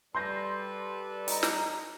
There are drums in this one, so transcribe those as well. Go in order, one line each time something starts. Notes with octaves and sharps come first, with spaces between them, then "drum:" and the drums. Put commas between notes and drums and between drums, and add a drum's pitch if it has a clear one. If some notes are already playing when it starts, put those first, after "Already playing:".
G3 A4 B4 D5 C6 G6 A#6
D#4 A#5, drum: hi-hat
drum: snare